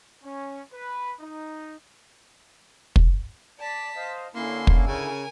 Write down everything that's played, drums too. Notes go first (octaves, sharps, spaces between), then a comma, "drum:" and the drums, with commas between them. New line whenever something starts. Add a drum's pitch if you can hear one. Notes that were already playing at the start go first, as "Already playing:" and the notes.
C#4
B4
D#4
drum: kick
D5 A5 B6
C5 D#5 F5
D3 A#3 C#4 E4 C6
drum: kick
C#3 A#4 G#5